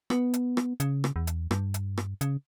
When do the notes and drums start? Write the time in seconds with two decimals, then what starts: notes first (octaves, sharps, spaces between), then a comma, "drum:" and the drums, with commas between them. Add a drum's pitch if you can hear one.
0.10 B3, drum: rim click
0.34 drum: hi-hat
0.57 drum: rim click
0.80 C#3, drum: hi-hat
1.04 drum: rim click
1.16 E2
1.27 drum: hi-hat
1.51 G2, drum: rim click
1.74 drum: hi-hat
1.98 drum: rim click
2.21 C#3, drum: hi-hat